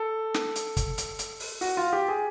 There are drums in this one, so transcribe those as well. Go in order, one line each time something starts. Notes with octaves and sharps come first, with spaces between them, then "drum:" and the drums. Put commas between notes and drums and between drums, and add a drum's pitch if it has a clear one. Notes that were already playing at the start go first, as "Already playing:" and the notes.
Already playing: A4
drum: snare
drum: hi-hat
drum: kick, hi-hat
drum: hi-hat
drum: hi-hat
drum: open hi-hat
F#4, drum: open hi-hat
F4
G4
G#4